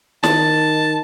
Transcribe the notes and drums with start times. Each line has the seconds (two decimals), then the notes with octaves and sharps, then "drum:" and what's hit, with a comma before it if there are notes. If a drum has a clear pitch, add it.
0.23 D#3 A5, drum: snare